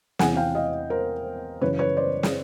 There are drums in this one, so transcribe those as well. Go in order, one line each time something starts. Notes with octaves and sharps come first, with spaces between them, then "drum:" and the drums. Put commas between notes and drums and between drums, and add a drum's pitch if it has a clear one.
E2 C3 E3 F#5 G#5, drum: snare
F5 G5
D#5 F5
A#4 C5
F#2 C#3 E3 B4 C#5
B4 C#5
C5 D5
drum: snare